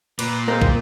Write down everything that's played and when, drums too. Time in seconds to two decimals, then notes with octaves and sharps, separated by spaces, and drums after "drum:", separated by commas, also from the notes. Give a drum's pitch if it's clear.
0.19 A#2 B4 D6, drum: cymbal
0.48 G#3 A#3 C4 G5
0.62 drum: kick